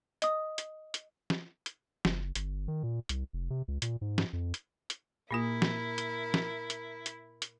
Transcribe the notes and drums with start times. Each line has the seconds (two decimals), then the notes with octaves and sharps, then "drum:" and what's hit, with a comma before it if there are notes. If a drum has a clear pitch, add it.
0.22 D#5 D#6, drum: hi-hat
0.58 drum: hi-hat
0.94 drum: hi-hat
1.30 drum: snare
1.66 drum: hi-hat
2.05 F#1, drum: snare
2.35 G1, drum: hi-hat
2.68 D#3
2.83 A#2
3.09 C2, drum: hi-hat
3.33 F1
3.50 C3
3.68 C#2
3.82 A#2, drum: hi-hat
4.01 G#2
4.18 drum: snare
4.33 F2
4.54 drum: hi-hat
4.90 drum: hi-hat
5.31 A#2 A#3 E4 F4 A#4
5.62 drum: snare
5.98 drum: hi-hat
6.34 drum: snare
6.70 drum: hi-hat
7.06 drum: hi-hat
7.42 drum: hi-hat